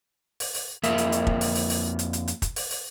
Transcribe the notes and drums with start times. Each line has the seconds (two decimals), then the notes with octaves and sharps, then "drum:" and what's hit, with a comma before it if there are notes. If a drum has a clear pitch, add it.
0.40 drum: open hi-hat
0.55 drum: open hi-hat
0.83 F2 A#3 A#4 E5, drum: hi-hat
0.98 drum: hi-hat
1.12 drum: hi-hat
1.27 drum: kick
1.41 drum: open hi-hat
1.55 drum: open hi-hat
1.70 drum: open hi-hat
1.99 drum: hi-hat
2.13 drum: hi-hat
2.28 drum: hi-hat
2.42 drum: kick, hi-hat
2.56 drum: open hi-hat
2.71 drum: open hi-hat